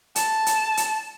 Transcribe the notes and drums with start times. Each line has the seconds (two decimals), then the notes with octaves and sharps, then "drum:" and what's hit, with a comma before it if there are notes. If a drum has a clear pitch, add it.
0.16 A5, drum: hi-hat
0.46 drum: hi-hat
0.77 drum: hi-hat